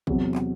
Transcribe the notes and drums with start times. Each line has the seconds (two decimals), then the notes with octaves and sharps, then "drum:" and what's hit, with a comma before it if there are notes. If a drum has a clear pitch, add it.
0.07 E2 C3 F#3, drum: kick A1
0.35 drum: clap